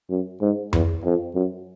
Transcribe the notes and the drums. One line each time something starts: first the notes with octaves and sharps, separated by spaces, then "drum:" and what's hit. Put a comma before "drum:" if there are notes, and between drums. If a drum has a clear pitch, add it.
F#2
G#2
E2, drum: tom F2
F2
F#2